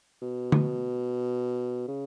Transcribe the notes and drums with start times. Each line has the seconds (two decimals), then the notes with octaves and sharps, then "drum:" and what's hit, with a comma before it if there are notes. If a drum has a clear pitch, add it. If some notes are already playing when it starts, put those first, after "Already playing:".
0.22 B2
0.52 drum: tom D3
1.88 C#3